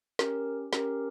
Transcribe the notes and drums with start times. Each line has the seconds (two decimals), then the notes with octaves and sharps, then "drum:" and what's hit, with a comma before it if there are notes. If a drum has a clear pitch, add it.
0.19 C#4 G4 A#4, drum: snare
0.73 C#4 G4 A#4, drum: snare